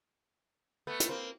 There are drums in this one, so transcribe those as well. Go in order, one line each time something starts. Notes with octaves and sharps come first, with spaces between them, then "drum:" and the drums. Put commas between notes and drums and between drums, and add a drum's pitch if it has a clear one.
A3 B3
drum: hi-hat
A#3 C4